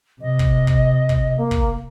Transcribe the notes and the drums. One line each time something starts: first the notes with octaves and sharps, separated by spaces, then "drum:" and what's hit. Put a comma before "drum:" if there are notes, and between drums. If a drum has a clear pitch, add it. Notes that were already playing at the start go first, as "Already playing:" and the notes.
C3 D#5
drum: kick
drum: kick
drum: kick
A#3
drum: kick